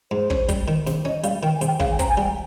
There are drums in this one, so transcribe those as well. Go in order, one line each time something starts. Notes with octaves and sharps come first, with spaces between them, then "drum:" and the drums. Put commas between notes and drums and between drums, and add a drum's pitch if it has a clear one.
G#2 C5
C#4, drum: kick
G3, drum: kick, hi-hat
D#3
C3, drum: snare
C#4 D#5
G3 F5, drum: hi-hat
D#3 G5
G#5
C3, drum: hi-hat
G5
C#3 F5, drum: kick
G#5
C4 A#5, drum: kick, hi-hat
G#5
G3 G5